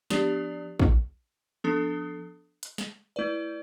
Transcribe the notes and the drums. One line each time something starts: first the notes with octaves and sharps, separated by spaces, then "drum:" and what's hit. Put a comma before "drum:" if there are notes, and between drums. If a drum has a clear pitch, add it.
F3 B3 D4 G4 D5, drum: snare
drum: kick
F3 B3 D4 A4
drum: hi-hat
drum: snare
A3 E4 B4 D5